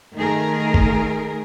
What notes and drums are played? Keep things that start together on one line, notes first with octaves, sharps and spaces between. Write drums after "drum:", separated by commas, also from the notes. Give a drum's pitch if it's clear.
D#3 A3 G#4 A#4
drum: kick